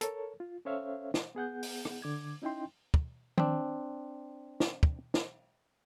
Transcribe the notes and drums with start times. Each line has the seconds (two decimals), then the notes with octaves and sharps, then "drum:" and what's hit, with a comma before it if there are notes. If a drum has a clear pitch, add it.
0.01 A4 A#4 C#5, drum: hi-hat
0.40 F4
0.65 C#4 A4 C5 C#5 E5 F5
1.14 drum: snare
1.35 B3 G#4 F#5 G6
1.63 drum: open hi-hat
1.85 drum: rim click
2.02 D3 D6 G#6
2.42 C#4 D#4 E4 D#5 G5 C6
2.94 drum: kick
3.38 C4 D4, drum: tom D#3
4.60 drum: snare
4.83 drum: kick
5.14 drum: snare